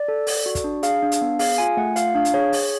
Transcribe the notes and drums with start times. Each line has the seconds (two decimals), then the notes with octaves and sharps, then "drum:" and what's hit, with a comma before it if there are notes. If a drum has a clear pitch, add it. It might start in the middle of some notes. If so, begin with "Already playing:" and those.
Already playing: D5
0.08 A4
0.27 A4, drum: open hi-hat
0.46 F#4
0.55 drum: kick, hi-hat
0.64 D4
0.83 G#4 F5, drum: hi-hat
1.03 D4
1.12 drum: hi-hat
1.21 B3
1.39 G#4 F5, drum: open hi-hat
1.58 F4 G#5
1.77 A3 F#5
1.96 F4 F5, drum: hi-hat
2.15 D4 F5
2.25 drum: hi-hat
2.34 G#4 C#5
2.53 G#4, drum: open hi-hat